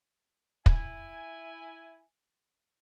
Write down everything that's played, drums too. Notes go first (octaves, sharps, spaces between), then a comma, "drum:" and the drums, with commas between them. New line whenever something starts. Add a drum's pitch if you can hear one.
E4 G#5, drum: kick